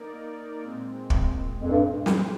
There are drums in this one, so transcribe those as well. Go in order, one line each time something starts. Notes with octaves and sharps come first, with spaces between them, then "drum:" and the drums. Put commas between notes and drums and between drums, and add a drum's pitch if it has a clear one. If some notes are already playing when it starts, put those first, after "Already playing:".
Already playing: A#3 D#4 A#4 D5
A#2 G#3 C4
drum: kick
F2
G2
F3 C4 G4 C5, drum: snare